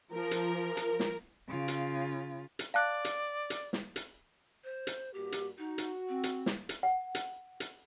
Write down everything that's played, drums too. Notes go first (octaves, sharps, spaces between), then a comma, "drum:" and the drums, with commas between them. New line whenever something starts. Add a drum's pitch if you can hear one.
F3 A#4
drum: hi-hat
drum: hi-hat
drum: snare
C#3 F4
drum: hi-hat
drum: hi-hat
D5 F5 A5 F#6
drum: hi-hat
drum: hi-hat
drum: snare
drum: hi-hat
C5
drum: hi-hat
G2 A#3 F#4 G4
drum: hi-hat
D#4 F#4
drum: hi-hat
C4
drum: hi-hat
drum: snare
drum: hi-hat
F#5
drum: hi-hat
drum: hi-hat